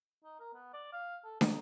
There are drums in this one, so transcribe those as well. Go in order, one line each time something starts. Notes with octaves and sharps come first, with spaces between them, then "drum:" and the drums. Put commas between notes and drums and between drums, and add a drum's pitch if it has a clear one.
D#4
A#4
B3
D5
F5
A4
D#4, drum: snare